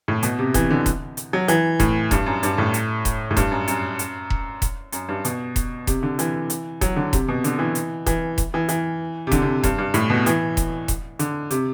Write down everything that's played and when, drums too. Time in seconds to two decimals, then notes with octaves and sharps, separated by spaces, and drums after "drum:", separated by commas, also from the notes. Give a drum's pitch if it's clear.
0.08 A2
0.23 B2, drum: hi-hat
0.39 C3
0.54 E3, drum: kick E1, hi-hat
0.71 D3
0.86 drum: kick E1, hi-hat
1.17 drum: hi-hat
1.33 F#3
1.48 E3, drum: hi-hat
1.80 A2, drum: kick E1, hi-hat
2.11 G2, drum: kick E1, hi-hat
2.26 F#2
2.43 G2, drum: hi-hat
2.58 A2
2.74 drum: hi-hat
3.05 drum: kick E1, hi-hat
3.31 A2
3.37 G2, drum: kick E1, hi-hat
3.51 F#2
3.68 F#2, drum: hi-hat
3.99 drum: hi-hat
4.30 drum: kick E1
4.62 drum: kick E1, hi-hat
4.92 F#2, drum: hi-hat
5.09 G2
5.25 B2, drum: hi-hat
5.56 drum: kick E1, hi-hat
5.87 C3, drum: kick E1, hi-hat
6.03 D3
6.19 E3, drum: hi-hat
6.50 drum: hi-hat
6.81 F#3, drum: kick E1, hi-hat
6.96 D3
7.13 C3, drum: kick E1, hi-hat
7.28 B2
7.44 D3, drum: hi-hat
7.59 E3
7.75 drum: hi-hat
8.06 E3, drum: kick E1, hi-hat
8.38 drum: kick E1, hi-hat
8.54 E3
8.69 E3, drum: hi-hat
9.27 C3
9.32 D3, drum: kick E1, hi-hat
9.42 C3
9.63 G2, drum: kick E1, hi-hat
9.78 G2
9.94 A2, drum: hi-hat
10.10 B2
10.26 E3, drum: hi-hat
10.57 drum: kick E1, hi-hat
10.88 drum: kick E1, hi-hat
11.19 D3, drum: hi-hat
11.51 C3, drum: hi-hat